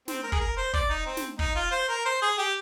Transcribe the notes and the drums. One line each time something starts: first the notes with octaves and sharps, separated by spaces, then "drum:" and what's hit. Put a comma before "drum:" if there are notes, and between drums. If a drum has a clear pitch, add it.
C4, drum: snare
A#4
G#4, drum: kick
A#4
C5
D5, drum: kick
D#4
C4
drum: snare
D#4, drum: kick
F4
C5
A#4
C5
G#4
G4